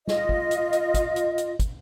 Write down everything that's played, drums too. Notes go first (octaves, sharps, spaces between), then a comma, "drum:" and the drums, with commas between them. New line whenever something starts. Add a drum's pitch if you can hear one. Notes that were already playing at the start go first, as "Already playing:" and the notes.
F4 D#5, drum: snare
drum: kick
drum: hi-hat
drum: hi-hat
drum: kick, hi-hat
drum: hi-hat
drum: hi-hat
drum: kick, hi-hat